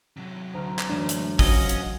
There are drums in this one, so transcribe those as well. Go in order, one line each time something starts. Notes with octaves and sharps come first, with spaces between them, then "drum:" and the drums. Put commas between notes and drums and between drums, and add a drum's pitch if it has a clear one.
C3 F#3
D2 A#5 F6
drum: clap
F#2 E3 G#3 A3 D4
drum: hi-hat
C#4 F4 F#4 D#5 F#5, drum: kick, open hi-hat
drum: hi-hat